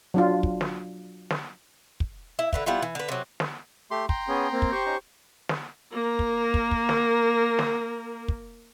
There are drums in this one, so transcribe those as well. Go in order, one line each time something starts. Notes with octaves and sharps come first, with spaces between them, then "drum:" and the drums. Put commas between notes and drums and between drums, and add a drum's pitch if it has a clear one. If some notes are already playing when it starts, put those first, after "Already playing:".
F#3 D4 F4
drum: kick
drum: snare
drum: snare
drum: kick
E4
D3 B4 E5, drum: kick
G3 B3 E4 F4
E3
D3 B4
C3 F#3
drum: snare
A3 G4 C6
G5 A#5 C6, drum: kick
B3 C#4 G#4
A#3 C4
drum: kick
G4 C5 C#6
C#4 D#4 A#5
drum: snare
A#3 A#4
drum: kick
drum: kick
drum: kick
drum: snare
drum: snare
drum: kick